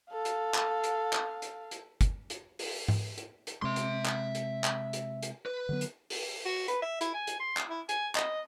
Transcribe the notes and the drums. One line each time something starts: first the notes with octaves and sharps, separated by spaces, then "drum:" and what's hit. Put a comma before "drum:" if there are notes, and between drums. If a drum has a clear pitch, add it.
A4 F5
drum: hi-hat
drum: clap
drum: hi-hat
drum: clap
drum: hi-hat
drum: hi-hat
drum: kick, hi-hat
drum: hi-hat
drum: open hi-hat
drum: tom G#2
drum: hi-hat
drum: hi-hat
C3 G#3 E5 C6
drum: hi-hat
drum: clap
drum: hi-hat
drum: clap
drum: hi-hat
drum: hi-hat
B4
D3 F#3 B3
drum: hi-hat
drum: open hi-hat
F#4
B4, drum: hi-hat
E5
E4, drum: hi-hat
G#5
drum: hi-hat
C6
drum: clap
E4
G#5, drum: hi-hat
D#5, drum: clap